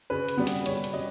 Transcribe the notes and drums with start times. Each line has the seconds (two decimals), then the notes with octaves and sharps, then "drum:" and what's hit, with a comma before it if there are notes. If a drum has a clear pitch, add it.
0.10 C#3 B4
0.28 drum: hi-hat
0.37 G3 B3
0.47 drum: open hi-hat
0.66 C#3 C#5, drum: hi-hat
0.84 drum: hi-hat
0.93 G3 D#5